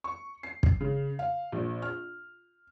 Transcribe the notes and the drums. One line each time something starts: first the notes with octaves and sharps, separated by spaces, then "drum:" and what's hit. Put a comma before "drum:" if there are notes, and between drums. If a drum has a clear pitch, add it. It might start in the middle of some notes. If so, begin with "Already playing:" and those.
C#6
C7
drum: kick
C#3
F5
A#1
F6